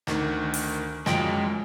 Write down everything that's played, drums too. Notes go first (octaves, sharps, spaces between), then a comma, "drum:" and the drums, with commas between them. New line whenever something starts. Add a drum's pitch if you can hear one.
D2 D#3, drum: snare
drum: open hi-hat
F#2 F3 G#3 G5, drum: snare